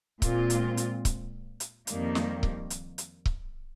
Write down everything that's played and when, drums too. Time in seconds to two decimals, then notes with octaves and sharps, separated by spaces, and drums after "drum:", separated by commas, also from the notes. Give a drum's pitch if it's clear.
0.22 A#2 G#3 C4 F4, drum: kick C#1, hi-hat
0.50 drum: hi-hat
0.77 drum: hi-hat
1.05 drum: kick C#1, hi-hat
1.60 drum: hi-hat
1.87 F2 D#3 G3 A#3, drum: hi-hat
2.15 drum: snare
2.43 drum: kick C#1
2.70 drum: hi-hat
2.98 drum: hi-hat
3.26 drum: kick C#1